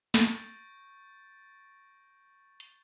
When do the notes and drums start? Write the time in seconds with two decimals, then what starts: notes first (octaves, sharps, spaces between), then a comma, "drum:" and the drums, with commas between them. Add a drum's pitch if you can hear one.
0.14 C#6 G6 A6 A#6 D7, drum: snare
2.60 drum: hi-hat